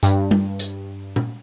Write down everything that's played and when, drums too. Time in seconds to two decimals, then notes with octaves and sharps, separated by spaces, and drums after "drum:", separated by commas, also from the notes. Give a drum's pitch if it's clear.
0.03 G2, drum: hi-hat
0.31 drum: tom G3
0.59 drum: hi-hat
1.16 drum: tom A#2